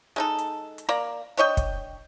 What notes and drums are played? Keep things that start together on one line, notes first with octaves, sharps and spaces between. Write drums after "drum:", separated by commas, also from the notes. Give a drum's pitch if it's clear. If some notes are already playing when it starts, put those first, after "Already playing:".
G#3 D#4 A4
drum: hi-hat
drum: hi-hat
A#3 D5 A#5
D4 C#5 D#5 G5
drum: kick, hi-hat